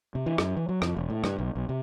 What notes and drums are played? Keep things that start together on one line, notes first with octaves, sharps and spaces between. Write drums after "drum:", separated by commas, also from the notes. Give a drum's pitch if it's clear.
C3
E3
F#2, drum: rim click
E3
F#3
F2, drum: rim click
E1
A2
G2, drum: rim click
B1
B1
C3